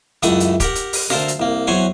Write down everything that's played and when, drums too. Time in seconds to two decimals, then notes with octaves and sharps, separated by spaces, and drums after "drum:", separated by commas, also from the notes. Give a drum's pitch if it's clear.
0.23 C#2 F#2 E3 A3 F#5 D#6, drum: hi-hat
0.40 drum: hi-hat
0.60 G4 A#4 F#5, drum: kick, hi-hat
0.75 drum: hi-hat
0.93 drum: open hi-hat
1.10 D2 A4 A#4 C5 F5 A#5, drum: snare
1.28 drum: hi-hat
1.40 C2 A#3
1.67 E2 F#3 C5 C#5 F#5 G#5